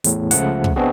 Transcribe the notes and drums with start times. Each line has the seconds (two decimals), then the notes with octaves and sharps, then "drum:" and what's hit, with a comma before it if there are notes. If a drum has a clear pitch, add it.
0.04 E2 A2, drum: hi-hat
0.31 C#2 C#3 F3 A3 F#5, drum: hi-hat
0.64 drum: kick
0.76 B2 B3 C4 D4 F#4 G#4